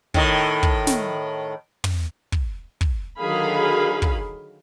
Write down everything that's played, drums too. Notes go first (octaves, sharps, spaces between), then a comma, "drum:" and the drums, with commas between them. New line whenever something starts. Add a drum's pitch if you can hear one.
A2 D#3, drum: kick
drum: kick
drum: snare
drum: tom
drum: kick
drum: kick
D3 D#3 F#3 G#4 F5 B5
drum: kick